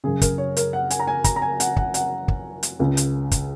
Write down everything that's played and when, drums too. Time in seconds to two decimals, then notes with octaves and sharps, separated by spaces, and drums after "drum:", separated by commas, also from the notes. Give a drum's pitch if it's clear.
0.04 F#2 C#3 G#4
0.22 A#4, drum: kick, hi-hat
0.38 C#5
0.57 A#4, drum: hi-hat
0.73 F#5
0.90 G#5, drum: hi-hat
1.00 A#5
1.07 G#5
1.24 A#5, drum: kick, hi-hat
1.36 A#5
1.42 G#5
1.60 F#5, drum: hi-hat
1.77 F#5, drum: kick
1.94 F#5, drum: hi-hat
2.28 drum: kick
2.63 drum: hi-hat
2.80 C#2 C#3
2.97 drum: hi-hat
3.32 drum: kick, hi-hat